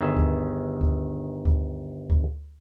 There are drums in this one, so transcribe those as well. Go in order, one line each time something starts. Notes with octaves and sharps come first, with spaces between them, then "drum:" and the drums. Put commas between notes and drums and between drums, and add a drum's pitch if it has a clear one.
G1 D#3 G#4 E5
drum: kick D2
drum: kick D2
drum: kick D2
drum: kick D2